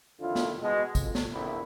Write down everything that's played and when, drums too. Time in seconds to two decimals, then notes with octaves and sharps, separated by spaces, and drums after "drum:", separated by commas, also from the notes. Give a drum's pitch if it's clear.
0.20 F2 D3 D#3 E4 F4
0.35 drum: snare
0.61 B2 G#3
0.95 F2, drum: kick, tambourine
1.15 drum: snare
1.32 A#1 F2 E4